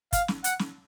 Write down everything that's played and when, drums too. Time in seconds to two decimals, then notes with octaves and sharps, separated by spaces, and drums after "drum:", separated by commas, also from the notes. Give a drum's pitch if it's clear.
0.13 F5, drum: kick, hi-hat
0.28 drum: snare
0.44 F#5, drum: hi-hat
0.59 drum: snare